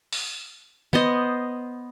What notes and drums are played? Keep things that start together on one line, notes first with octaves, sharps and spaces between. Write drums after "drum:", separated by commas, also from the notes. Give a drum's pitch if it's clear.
drum: open hi-hat
B3 C5 D#5, drum: tom